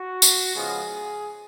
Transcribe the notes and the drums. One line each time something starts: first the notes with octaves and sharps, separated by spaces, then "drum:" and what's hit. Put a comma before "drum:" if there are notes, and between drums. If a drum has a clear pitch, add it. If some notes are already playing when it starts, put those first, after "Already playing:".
Already playing: F#4
drum: tambourine
C#3 F3 G#3 B3 G#4